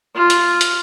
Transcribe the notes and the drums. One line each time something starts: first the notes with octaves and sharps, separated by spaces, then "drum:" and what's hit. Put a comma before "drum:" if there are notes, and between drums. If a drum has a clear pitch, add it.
F4
drum: hi-hat
drum: hi-hat